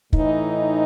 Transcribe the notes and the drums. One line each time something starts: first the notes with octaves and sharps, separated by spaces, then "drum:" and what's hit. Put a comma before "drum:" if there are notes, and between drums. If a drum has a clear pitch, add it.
A2 E3 D#4, drum: kick